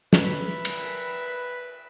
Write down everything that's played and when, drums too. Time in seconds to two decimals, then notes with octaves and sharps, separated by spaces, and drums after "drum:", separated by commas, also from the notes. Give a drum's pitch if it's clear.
0.13 B4 E5 B5, drum: snare
0.65 drum: cymbal